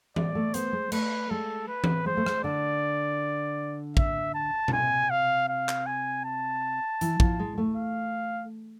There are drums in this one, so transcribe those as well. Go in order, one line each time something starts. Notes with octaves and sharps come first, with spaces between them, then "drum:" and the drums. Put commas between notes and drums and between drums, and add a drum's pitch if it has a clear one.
G#3 D5, drum: tom E3
A3
B3 C5, drum: hi-hat
G#3
A3 B4, drum: cymbal
G#3 A4
B4
drum: tom E3
G#3 C5
A3
G#3, drum: rim click
D3 D5
E5, drum: kick
A5
D3, drum: tom B2
C3 G#5
F5
F5
drum: clap
G#5
A5
E3, drum: hi-hat
F3, drum: kick
G#3
A3
F5